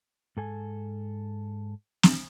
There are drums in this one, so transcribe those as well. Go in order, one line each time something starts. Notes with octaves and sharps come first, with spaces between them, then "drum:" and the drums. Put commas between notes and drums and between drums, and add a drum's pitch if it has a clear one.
G#2 A4 G#5
drum: snare